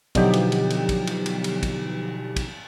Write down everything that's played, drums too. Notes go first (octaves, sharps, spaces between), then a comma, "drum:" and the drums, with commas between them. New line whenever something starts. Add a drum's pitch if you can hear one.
B2 D3 F3 F#3 D#4 G4, drum: kick, cymbal
drum: cymbal
drum: cymbal
drum: cymbal
drum: kick, cymbal
drum: cymbal
drum: cymbal
drum: cymbal
drum: kick, cymbal
drum: kick, cymbal